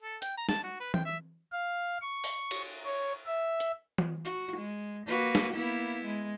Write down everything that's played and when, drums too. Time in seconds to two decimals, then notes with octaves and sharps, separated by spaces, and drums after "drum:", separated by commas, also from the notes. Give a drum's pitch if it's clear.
0.02 A4
0.22 G5, drum: hi-hat
0.37 A#5
0.49 A5, drum: snare
0.64 F#4
0.80 B4
0.94 G5, drum: tom E3
1.05 E5
1.52 F5
2.01 C#6
2.24 drum: open hi-hat
2.51 drum: cymbal
2.85 C#5
3.26 E5
3.60 drum: hi-hat
3.98 drum: tom E3
4.24 F#4
4.57 G#3
5.07 A#3 F#4 B4
5.35 drum: snare
5.54 A#3 B3 E4
6.05 G#3